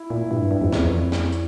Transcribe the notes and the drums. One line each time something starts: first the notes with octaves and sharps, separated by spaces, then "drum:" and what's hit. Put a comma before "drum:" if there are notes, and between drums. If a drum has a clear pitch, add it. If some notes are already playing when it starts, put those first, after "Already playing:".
Already playing: E4
A#2
G2
G2
F2
E2, drum: snare
F2
drum: snare
drum: hi-hat